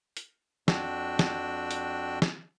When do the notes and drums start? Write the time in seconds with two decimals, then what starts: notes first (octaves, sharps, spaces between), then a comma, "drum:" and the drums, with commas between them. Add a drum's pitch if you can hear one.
0.17 drum: hi-hat
0.68 F2 D4 F#4 G5 E6 F#6, drum: snare
1.19 drum: snare
1.71 drum: hi-hat
2.22 drum: snare